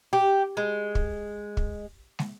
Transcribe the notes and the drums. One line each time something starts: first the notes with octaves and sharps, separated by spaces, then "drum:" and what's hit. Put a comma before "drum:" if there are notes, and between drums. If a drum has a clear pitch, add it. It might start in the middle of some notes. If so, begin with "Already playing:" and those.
G4
G#3
drum: kick
drum: kick
drum: snare